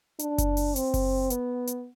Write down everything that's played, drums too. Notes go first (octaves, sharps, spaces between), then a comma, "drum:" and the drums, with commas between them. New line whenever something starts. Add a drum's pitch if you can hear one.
D4, drum: hi-hat
drum: kick F#1, hi-hat
drum: open hi-hat
C4, drum: hi-hat
drum: kick F#1, open hi-hat
B3, drum: hi-hat
drum: hi-hat